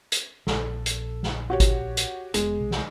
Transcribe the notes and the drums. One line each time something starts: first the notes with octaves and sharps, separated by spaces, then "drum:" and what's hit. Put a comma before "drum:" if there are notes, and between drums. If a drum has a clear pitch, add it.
drum: hi-hat
A#1 A4, drum: snare
drum: hi-hat
drum: snare
F#4 G4 C#5
drum: kick G#1, hi-hat
drum: hi-hat
F1 G#3 B3, drum: hi-hat
B1 C3
drum: snare